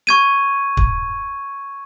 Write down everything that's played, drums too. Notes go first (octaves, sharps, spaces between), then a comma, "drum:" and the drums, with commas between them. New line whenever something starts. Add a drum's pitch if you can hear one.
C#6 G#6 D#7
drum: kick